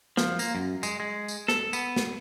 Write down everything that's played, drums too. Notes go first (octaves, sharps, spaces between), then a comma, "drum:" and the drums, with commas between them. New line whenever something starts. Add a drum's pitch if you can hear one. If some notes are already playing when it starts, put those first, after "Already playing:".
F3, drum: snare
A#3, drum: tambourine
F#2
G#3, drum: tambourine
G#3
drum: tambourine
A4, drum: snare
B3, drum: tambourine
drum: snare